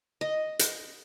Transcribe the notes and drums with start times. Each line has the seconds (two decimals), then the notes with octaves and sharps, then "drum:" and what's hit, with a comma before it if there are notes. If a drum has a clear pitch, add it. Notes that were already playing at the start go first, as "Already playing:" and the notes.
0.21 D#5
0.59 drum: hi-hat